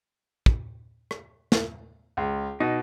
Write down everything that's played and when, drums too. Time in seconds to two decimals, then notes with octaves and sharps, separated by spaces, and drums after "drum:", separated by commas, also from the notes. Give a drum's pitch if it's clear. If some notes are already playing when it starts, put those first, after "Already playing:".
0.46 drum: kick
1.11 drum: rim click
1.52 drum: snare
2.17 C#2
2.60 B2 D#4